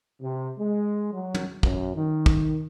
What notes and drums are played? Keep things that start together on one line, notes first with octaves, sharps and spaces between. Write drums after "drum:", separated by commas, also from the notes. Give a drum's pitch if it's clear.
C3
G#3
F#3
drum: tom
F#2, drum: kick
D#3
drum: kick